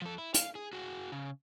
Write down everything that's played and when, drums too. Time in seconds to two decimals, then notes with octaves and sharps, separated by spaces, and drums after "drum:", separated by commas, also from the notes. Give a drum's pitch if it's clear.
0.02 F3 A4
0.18 E4
0.34 F5, drum: hi-hat
0.55 G#4
0.73 F#4 G#4
1.12 C#3